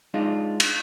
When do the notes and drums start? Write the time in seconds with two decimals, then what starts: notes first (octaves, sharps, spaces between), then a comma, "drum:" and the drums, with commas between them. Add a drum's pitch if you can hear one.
0.14 G#3 D4 D#4 F4
0.60 drum: cymbal